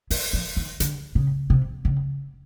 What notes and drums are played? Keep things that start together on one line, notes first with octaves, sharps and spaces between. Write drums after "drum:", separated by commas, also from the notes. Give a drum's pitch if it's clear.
E3, drum: open hi-hat
F3
D#3
D3, drum: hi-hat
C#3
C3
C#3